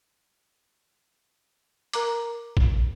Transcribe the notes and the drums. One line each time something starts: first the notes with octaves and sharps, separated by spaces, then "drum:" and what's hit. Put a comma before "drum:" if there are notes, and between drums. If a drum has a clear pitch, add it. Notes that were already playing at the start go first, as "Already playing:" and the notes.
A#4 A#5 D6, drum: hi-hat
drum: kick A1